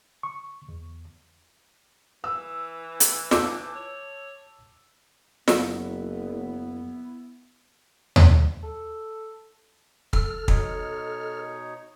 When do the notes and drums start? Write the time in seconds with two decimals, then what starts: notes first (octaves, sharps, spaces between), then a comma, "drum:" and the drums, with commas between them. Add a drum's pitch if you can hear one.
0.23 C#6
0.69 E2
2.24 E3 E6
3.00 drum: hi-hat
3.31 A5 D6 E6 G6, drum: snare
3.75 C#5
5.48 F#1 F#2 F#3 B3 E4, drum: snare
8.16 drum: tom D#2
8.63 A4
10.13 A4 F6, drum: kick
10.48 B2 D#4 C#5, drum: kick